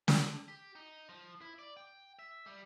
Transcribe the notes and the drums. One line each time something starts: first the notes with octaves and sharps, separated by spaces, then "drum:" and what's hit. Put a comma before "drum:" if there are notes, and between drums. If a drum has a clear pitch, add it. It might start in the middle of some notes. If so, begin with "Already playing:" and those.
D3, drum: snare
G4
D#4
F3
E4
D5
G5
E5
G3